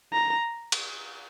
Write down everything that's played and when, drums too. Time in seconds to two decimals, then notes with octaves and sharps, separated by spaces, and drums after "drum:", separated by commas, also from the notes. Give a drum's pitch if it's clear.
0.13 A#5
0.72 drum: cymbal